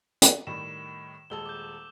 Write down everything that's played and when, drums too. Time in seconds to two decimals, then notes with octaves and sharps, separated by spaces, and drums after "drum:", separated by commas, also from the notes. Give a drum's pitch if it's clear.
0.22 drum: hi-hat
0.47 A2 D#3 G3 E7
1.30 D#1 G#3 A5 E6 G7
1.46 D6 G6